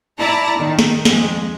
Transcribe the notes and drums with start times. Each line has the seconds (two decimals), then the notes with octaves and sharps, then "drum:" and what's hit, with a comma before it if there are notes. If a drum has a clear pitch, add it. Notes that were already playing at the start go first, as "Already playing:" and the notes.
0.19 E4 D5 A5 A#5
0.58 D#3
0.79 drum: snare
1.05 F2 G#3, drum: snare